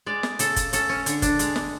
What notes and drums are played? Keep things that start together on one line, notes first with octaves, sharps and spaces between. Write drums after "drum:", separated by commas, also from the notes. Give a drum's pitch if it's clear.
G#3 D5
drum: snare
C#3 A4, drum: hi-hat
drum: kick F#1, hi-hat
C#4 A4, drum: hi-hat
C#4
D3, drum: hi-hat
D4, drum: kick F#1, hi-hat
G#3, drum: hi-hat
drum: snare